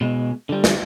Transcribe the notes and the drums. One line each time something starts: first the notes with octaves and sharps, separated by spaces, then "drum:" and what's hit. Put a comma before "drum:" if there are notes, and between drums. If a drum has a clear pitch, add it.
B2 G#3
D3 G3
drum: snare